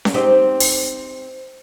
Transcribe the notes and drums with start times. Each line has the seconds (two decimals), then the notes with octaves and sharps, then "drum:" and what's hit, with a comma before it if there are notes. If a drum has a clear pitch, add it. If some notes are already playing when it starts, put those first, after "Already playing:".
0.05 drum: snare C#4
0.14 C4 D#4 G4
0.60 drum: open hi-hat